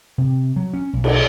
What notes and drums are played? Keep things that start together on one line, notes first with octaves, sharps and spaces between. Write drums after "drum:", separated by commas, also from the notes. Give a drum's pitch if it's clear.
C3
F#3
C#4
B1
drum: cymbal